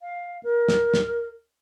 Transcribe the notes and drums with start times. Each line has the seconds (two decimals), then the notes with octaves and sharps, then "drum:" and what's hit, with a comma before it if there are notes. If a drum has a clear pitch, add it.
0.01 F5
0.43 A#4
0.68 drum: snare
0.94 drum: snare